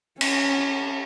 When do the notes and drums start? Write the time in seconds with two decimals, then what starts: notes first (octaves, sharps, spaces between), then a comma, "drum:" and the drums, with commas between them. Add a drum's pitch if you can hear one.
0.21 C#4, drum: cymbal